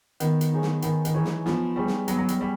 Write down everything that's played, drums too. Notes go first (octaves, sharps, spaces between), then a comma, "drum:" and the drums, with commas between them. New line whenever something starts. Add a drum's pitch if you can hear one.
D#3 B3, drum: hi-hat
drum: hi-hat
D#4 G#4 C#5
drum: snare
D#3 B3, drum: hi-hat
D#3, drum: hi-hat
E3 D#4 G#4 C#5
drum: snare
F3 B3, drum: snare
G3 D#4 G#4 C#5
drum: snare
F#3 B3, drum: hi-hat
F#3
G3, drum: hi-hat
G3 G#4 C#5